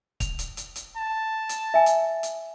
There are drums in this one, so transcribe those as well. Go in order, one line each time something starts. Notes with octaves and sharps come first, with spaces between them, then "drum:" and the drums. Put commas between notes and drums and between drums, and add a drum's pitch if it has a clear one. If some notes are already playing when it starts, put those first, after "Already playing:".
F7, drum: kick, hi-hat
drum: hi-hat
drum: hi-hat
drum: hi-hat
A5
drum: hi-hat
E5 G#5
drum: hi-hat
drum: hi-hat